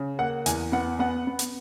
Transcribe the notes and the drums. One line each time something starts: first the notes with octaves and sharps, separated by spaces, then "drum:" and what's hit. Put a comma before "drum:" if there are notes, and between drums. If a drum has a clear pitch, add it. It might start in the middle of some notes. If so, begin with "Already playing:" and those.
Already playing: C#3
A#3 F#5
E2 G#5, drum: hi-hat
B3 F#5
B3 F#5
B3
drum: hi-hat